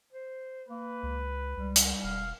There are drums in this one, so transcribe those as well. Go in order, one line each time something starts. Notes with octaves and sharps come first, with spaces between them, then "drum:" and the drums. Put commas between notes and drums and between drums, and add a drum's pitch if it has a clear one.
C5
A#3 B4
C#2
C#2 G3
drum: hi-hat
E1 F5